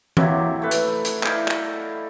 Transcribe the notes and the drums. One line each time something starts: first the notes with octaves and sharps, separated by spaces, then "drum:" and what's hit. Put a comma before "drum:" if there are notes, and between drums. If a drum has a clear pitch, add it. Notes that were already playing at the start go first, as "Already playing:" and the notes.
C3 F#3 A#3 E4, drum: tom E3
A3 A4 B4
drum: hi-hat
drum: hi-hat
D#4 E4 D5 F5, drum: clap
drum: clap